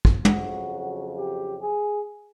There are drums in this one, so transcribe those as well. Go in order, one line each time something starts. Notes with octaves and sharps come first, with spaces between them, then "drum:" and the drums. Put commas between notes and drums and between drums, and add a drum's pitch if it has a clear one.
drum: kick
F2 C#3 F#3 F#4, drum: tom
G4
G#4